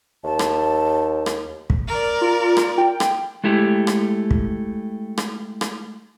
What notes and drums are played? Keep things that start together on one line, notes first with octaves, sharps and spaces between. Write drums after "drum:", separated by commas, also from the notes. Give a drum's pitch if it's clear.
D#2 A5
drum: rim click
drum: rim click
drum: kick
A#4 D5
F4
drum: rim click
G5
drum: rim click
G#3 A3 E4 G4
drum: rim click
drum: kick
drum: rim click
drum: rim click